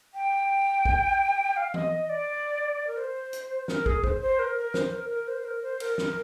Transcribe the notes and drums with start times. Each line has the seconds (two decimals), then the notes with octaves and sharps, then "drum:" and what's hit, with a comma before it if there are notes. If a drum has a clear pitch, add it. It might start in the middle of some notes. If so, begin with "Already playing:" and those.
0.14 G5
0.85 drum: kick
1.57 F5
1.74 D#5, drum: tom E3
1.91 D#5
2.09 D5
2.87 A#4
2.97 C5
3.33 drum: hi-hat
3.68 A#4, drum: snare
3.86 G#4, drum: kick
4.04 C5, drum: kick
4.21 C5
4.39 A#4
4.57 A#4
4.74 C5, drum: snare
4.92 A#4
5.09 A#4
5.28 C5
5.44 A#4
5.63 C5
5.80 A#4, drum: cymbal
5.98 A#4, drum: snare